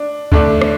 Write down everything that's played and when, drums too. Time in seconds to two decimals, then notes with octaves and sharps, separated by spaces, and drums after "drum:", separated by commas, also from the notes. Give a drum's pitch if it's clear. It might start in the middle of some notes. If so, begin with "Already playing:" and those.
Already playing: D4
0.32 D3 A3 D4, drum: kick D2
0.62 drum: rim click